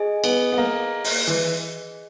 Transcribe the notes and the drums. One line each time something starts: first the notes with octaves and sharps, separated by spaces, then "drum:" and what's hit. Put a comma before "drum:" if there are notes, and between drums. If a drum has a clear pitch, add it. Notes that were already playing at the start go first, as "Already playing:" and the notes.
Already playing: G#4 D#5 G#5
B3, drum: cymbal
B3
A#3
drum: open hi-hat
E3